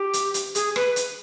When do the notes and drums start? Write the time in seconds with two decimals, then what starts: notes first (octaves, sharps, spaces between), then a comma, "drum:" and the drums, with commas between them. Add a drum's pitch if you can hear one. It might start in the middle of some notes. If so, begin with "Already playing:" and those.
Already playing: G4
0.13 drum: hi-hat
0.34 drum: hi-hat
0.55 G#4, drum: hi-hat
0.76 B4, drum: rim click
0.96 drum: hi-hat